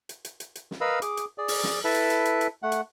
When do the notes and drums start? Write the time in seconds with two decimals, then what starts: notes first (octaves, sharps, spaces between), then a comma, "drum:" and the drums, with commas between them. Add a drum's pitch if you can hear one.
0.09 drum: hi-hat
0.25 drum: hi-hat
0.40 drum: hi-hat
0.55 drum: hi-hat
0.71 drum: snare
0.81 A#4 B4 D#5 F5 B5 E6
1.02 G#4 D6, drum: hi-hat
1.17 drum: hi-hat
1.38 G#4 D5
1.48 drum: open hi-hat
1.64 drum: snare
1.84 E4 A4 B4 E5 A5
1.94 drum: hi-hat
2.10 drum: hi-hat
2.25 drum: hi-hat
2.41 drum: hi-hat
2.63 A3 F#5
2.72 drum: hi-hat